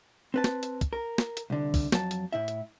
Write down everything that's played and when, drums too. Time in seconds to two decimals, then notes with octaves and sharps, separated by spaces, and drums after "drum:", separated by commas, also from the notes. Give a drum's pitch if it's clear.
0.34 C4 B4 A5
0.44 drum: snare
0.63 drum: hi-hat
0.81 drum: kick, hi-hat
0.93 A#4
1.18 drum: snare
1.37 drum: hi-hat
1.50 C2 D3
1.74 drum: kick, open hi-hat
1.92 F2 F#3 A5, drum: snare
2.11 drum: hi-hat
2.33 A2 E4 E5
2.48 drum: hi-hat